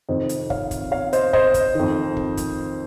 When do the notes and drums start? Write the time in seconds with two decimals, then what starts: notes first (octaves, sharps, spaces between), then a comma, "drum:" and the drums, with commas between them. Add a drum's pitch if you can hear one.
0.09 F2 C3 D#3 C5 D#5
0.29 drum: hi-hat
0.50 C#5 F5, drum: kick
0.71 drum: kick, hi-hat
0.92 C#5 F5
1.13 C5 D#5, drum: hi-hat
1.33 C5 D#5, drum: kick
1.54 drum: kick, hi-hat
1.75 F2 D#3
2.17 drum: kick
2.37 drum: kick, hi-hat